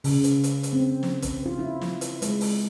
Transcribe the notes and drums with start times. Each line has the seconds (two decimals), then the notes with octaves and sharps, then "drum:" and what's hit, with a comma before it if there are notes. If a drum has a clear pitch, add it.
0.04 C#3, drum: open hi-hat
0.24 drum: hi-hat
0.44 drum: hi-hat
0.63 drum: hi-hat
0.73 C4
1.03 drum: snare
1.22 drum: kick, hi-hat
1.46 F4
1.59 E4
1.81 drum: snare
2.01 drum: hi-hat
2.22 G#3, drum: hi-hat
2.41 drum: open hi-hat